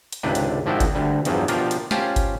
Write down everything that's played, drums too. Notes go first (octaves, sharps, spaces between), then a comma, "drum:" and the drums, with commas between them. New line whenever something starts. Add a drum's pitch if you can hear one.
drum: hi-hat
G#1 C#2 C3 D4 B4 G5
drum: hi-hat
G#1 F3 D4 E4 F#4 G5
drum: kick G1, hi-hat
D2 D3 G3
E2 G2 F3 F#3, drum: hi-hat
B2 F3 D4 F4 G4 A#4, drum: hi-hat
drum: hi-hat
C#4 F4 G4 C5 G5 A5, drum: snare
drum: kick G1, hi-hat